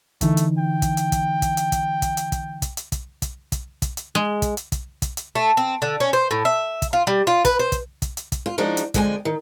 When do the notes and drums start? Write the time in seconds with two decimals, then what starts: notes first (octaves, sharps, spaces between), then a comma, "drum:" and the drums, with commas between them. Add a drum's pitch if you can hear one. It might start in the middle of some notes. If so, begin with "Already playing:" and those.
0.21 D3 E3 A3 D#4, drum: kick, hi-hat
0.37 drum: hi-hat
0.58 G5
0.82 drum: kick, hi-hat
0.97 drum: hi-hat
1.12 drum: kick, hi-hat
1.42 drum: kick, hi-hat
1.57 drum: hi-hat
1.72 drum: kick, hi-hat
2.02 drum: kick, hi-hat
2.17 drum: hi-hat
2.32 drum: kick, hi-hat
2.62 drum: kick, hi-hat
2.77 drum: hi-hat
2.92 drum: kick, hi-hat
3.22 drum: kick, hi-hat
3.52 drum: kick, hi-hat
3.82 drum: kick, hi-hat
3.97 drum: hi-hat
4.15 G#3
4.42 drum: kick, hi-hat
4.57 drum: hi-hat
4.72 drum: kick, hi-hat
5.02 drum: kick, hi-hat
5.17 drum: hi-hat
5.35 A3
5.57 C4
5.82 D3
6.00 C#4
6.13 C5
6.31 A2
6.45 E5
6.82 drum: kick, hi-hat
6.93 F4
7.07 G3
7.27 F4
7.45 B4, drum: kick, hi-hat
7.59 C5
7.72 drum: kick, hi-hat
8.02 drum: kick, hi-hat
8.17 drum: hi-hat
8.32 drum: kick, hi-hat
8.46 F4
8.58 F3 G#3 D4 D#4 F#4
8.77 drum: hi-hat
8.94 F2 D3 G#3 G5 G#5, drum: kick, hi-hat
9.25 D#3